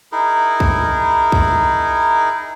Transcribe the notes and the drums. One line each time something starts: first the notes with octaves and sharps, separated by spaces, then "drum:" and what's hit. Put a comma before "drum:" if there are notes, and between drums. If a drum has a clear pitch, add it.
D#4 E4 G#4 A#4
drum: kick
drum: kick